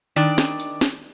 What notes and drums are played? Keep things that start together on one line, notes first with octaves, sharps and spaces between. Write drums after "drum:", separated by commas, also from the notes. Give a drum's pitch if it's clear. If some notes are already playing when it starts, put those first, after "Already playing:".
D#3 D4 D5, drum: tambourine
drum: snare
drum: tambourine
drum: snare